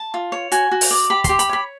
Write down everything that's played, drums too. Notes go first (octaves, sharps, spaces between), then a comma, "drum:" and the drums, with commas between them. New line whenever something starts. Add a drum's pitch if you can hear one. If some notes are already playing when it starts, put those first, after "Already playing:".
Already playing: A5
F4
C#5
F#4 G#5, drum: hi-hat
F#4
drum: open hi-hat
D5
G4 B5
G4 C6, drum: kick, hi-hat
B5, drum: hi-hat
C#5 B5